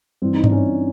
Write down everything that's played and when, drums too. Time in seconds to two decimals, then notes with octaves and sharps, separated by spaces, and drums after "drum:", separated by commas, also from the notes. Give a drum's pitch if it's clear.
0.22 G2 E3 C4
0.34 D#4
0.44 D4, drum: tom G2
0.52 C#4